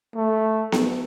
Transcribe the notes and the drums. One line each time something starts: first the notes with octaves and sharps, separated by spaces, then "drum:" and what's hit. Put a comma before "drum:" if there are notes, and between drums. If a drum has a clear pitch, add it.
A3
drum: snare B3